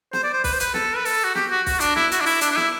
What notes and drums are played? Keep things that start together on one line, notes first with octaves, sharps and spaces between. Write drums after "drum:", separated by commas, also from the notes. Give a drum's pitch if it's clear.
C5, drum: snare
D5
C5
B4, drum: kick, open hi-hat
C5
B4, drum: hi-hat
A4, drum: snare
B4
A4, drum: open hi-hat
F#4
G4, drum: snare
F#4
F#4, drum: kick, open hi-hat
D4, drum: hi-hat
E4, drum: snare
F#4, drum: hi-hat
D4
E4, drum: open hi-hat
D4, drum: hi-hat
D4
E4, drum: snare